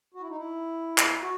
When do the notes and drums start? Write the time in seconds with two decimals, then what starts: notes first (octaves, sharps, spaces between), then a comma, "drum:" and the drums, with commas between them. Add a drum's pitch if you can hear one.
0.14 F#4
0.21 E4
0.29 D#4
0.35 E4
0.98 drum: clap
1.21 F#4